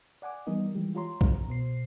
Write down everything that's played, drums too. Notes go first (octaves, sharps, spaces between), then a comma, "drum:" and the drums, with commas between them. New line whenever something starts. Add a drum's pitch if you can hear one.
D5 F#5 G#5 D6
E3 G3 B3 D#4 A#4 D#5
E3 G3 G#3 G4
F4 G4 C#5 A#5 C6
A#5, drum: kick B1
B2 C5 C7